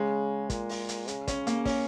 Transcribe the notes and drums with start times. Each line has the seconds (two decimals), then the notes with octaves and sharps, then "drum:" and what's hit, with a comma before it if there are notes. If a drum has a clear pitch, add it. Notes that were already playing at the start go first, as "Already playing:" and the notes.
Already playing: C#3 G#3
0.50 A#2, drum: kick, hi-hat
0.69 drum: open hi-hat
0.89 drum: hi-hat
1.08 C#3, drum: hi-hat
1.28 C#4, drum: kick, hi-hat
1.47 A#3, drum: hi-hat
1.65 C#4, drum: kick, open hi-hat